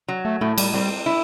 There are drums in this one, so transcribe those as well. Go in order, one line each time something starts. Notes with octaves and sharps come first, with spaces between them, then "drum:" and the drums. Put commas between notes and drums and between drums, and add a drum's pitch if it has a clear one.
F#3
A3
A2 A3
G3, drum: cymbal
G3 C4
E4